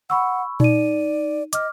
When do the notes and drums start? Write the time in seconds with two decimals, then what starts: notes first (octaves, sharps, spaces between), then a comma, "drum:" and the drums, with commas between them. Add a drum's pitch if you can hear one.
0.10 F#5 B5 C#6 E6
0.60 D#4 D5 D#7, drum: tom A#2
1.53 D#5 D6 F6, drum: hi-hat